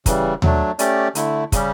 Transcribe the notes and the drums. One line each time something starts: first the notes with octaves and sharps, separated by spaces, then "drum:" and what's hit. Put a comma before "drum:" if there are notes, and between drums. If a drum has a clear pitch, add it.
C#3 E3 G3, drum: kick, hi-hat
F#3 A3 D4, drum: tom D#2
A3 C#4 G4 D5, drum: hi-hat
D3 A3 E4, drum: hi-hat
C#3 G3 C#4 G4, drum: kick, hi-hat